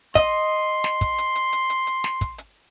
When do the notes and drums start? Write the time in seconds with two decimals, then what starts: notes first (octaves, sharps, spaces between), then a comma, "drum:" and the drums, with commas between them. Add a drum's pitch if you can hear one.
0.15 D#5 C6, drum: kick, hi-hat
0.84 drum: snare
1.01 drum: kick, hi-hat
1.18 drum: hi-hat
1.35 drum: hi-hat
1.53 drum: hi-hat
1.70 drum: hi-hat
1.87 drum: hi-hat
2.04 drum: snare
2.21 drum: kick, hi-hat
2.38 drum: hi-hat